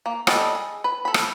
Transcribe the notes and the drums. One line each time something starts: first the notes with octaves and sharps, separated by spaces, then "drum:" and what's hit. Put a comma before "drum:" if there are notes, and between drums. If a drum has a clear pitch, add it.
A#3
G3 D4 A4 D#5 A5, drum: rim click
G#4
B4
A4 B5
drum: rim click